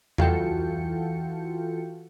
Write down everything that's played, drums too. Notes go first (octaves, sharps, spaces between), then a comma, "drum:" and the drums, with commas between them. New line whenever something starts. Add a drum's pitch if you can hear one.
E3 F4 F#4 A4 G5 C#7, drum: tom E2